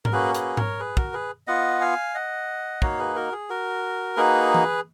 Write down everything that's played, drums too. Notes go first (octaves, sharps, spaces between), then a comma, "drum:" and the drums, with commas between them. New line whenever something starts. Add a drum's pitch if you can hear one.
A#4, drum: tom G#2
A#3 C#4 F#4 G#4 B4
G#4 B4, drum: hi-hat
A#4 C#5, drum: tom G#2
G#4 B4
F#4 A#4, drum: kick
G#4 B4
B3 F4 D#5 F#5
F5 G#5
D#5 F#5
A#3 D#4 F#4 C#5 F5, drum: kick
G#4 B4
F#4 A#4
G#4
F#4 A#4
A#3 D#4 F#4 G#4 B4
drum: tom E3